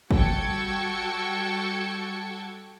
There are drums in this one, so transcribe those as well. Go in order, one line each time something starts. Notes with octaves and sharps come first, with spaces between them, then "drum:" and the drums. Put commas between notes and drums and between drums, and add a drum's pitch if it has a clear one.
G3 F#4 A4 G5 G#6 C#7, drum: kick